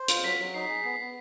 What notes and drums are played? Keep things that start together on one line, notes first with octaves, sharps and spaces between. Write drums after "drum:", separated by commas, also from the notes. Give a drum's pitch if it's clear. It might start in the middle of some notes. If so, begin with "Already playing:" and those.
Already playing: C5
F4, drum: hi-hat
F#3 B6
F#3
D#4 C7
G#4
B3 C7
B3